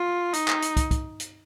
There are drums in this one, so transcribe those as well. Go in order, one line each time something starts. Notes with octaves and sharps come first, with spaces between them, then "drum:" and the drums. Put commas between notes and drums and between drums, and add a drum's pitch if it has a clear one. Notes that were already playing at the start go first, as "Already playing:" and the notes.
Already playing: F4
D#4, drum: hi-hat
drum: clap
drum: hi-hat
drum: kick, hi-hat
drum: kick, hi-hat
drum: hi-hat